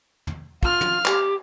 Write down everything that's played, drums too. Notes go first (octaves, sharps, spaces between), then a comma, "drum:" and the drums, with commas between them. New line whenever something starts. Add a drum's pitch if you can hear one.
drum: tom
F4 F5 F6, drum: kick
drum: tom
G4, drum: clap